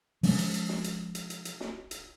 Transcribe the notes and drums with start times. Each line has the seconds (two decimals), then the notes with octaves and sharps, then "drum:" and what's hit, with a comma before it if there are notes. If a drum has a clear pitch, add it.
0.23 F3 G#3 C#4, drum: open hi-hat
0.39 drum: hi-hat
0.54 drum: hi-hat
0.69 drum: snare
0.84 drum: hi-hat
1.15 drum: hi-hat
1.30 drum: hi-hat
1.45 drum: hi-hat
1.60 drum: snare
1.91 drum: hi-hat